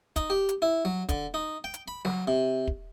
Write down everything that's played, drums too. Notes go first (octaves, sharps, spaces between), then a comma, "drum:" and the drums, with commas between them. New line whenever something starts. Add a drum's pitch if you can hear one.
D#4, drum: kick, hi-hat
G4
drum: hi-hat
E4
F#3
D3, drum: kick, hi-hat
D#4
G5
drum: hi-hat
B5
F#3, drum: snare
C3
drum: kick